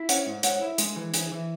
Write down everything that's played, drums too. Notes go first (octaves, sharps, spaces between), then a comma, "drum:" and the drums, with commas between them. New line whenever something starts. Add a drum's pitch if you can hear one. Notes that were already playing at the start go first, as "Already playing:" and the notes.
Already playing: E4
C#4 C#5 F#5, drum: hi-hat
G#2
G#2 C#5 F#5, drum: hi-hat
E4
G#3, drum: hi-hat
E3
E3 G#4, drum: hi-hat
E3